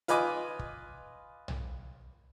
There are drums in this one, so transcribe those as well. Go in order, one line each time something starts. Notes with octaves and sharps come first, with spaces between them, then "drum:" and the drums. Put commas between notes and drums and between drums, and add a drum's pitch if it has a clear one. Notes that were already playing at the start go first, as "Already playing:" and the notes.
F4 B4 D#5 G#5 D6, drum: hi-hat
drum: kick
drum: tom B1